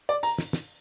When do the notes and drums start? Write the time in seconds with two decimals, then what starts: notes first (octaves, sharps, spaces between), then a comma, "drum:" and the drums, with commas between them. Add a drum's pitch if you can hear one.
0.09 D5
0.23 A#5, drum: open hi-hat
0.38 drum: snare
0.53 drum: snare